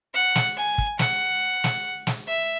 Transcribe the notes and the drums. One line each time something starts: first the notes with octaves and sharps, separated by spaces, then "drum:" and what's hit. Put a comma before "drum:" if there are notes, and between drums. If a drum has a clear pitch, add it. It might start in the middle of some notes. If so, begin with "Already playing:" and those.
F#5
drum: snare
G#5
drum: kick
F#5, drum: snare
drum: snare
drum: snare
E5